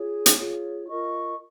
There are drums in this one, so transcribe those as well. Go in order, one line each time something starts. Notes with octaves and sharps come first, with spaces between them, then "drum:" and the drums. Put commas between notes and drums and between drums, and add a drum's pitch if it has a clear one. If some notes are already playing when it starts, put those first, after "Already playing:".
Already playing: F4 G#4 C#5
drum: hi-hat
F4 G#4 C#5
F4 A#4 D#5 C#6